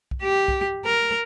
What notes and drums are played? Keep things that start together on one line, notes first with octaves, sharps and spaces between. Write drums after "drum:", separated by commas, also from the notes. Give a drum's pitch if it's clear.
drum: kick B1
G4
drum: kick B1
A#4